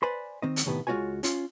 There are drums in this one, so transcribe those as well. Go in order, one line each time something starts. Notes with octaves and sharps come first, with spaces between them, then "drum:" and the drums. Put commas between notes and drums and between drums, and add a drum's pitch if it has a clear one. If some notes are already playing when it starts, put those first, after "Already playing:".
B4 C5 D5 G#5 B5 C6
D#3 C4 D#5
drum: hi-hat
A2 C3 D#3 B3
C#2 G#3 F4 F#4 C#5 G#5
C#4 F4, drum: hi-hat